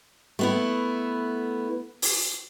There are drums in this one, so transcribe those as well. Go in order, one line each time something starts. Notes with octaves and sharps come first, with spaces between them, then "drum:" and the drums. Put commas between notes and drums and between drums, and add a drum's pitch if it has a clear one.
A3 B3 E4
drum: open hi-hat